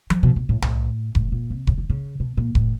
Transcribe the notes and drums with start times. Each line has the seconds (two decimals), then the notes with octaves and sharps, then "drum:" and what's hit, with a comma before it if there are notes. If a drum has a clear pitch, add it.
0.10 E3, drum: tom F3
0.23 B2
0.36 B2
0.49 A2
0.62 A2, drum: tom C2
1.15 A2, drum: kick F1
1.32 A#2
1.50 C3
1.67 C#3, drum: kick F1
1.78 D3
1.90 C#3
2.20 B2
2.37 A#2
2.55 A2, drum: kick F1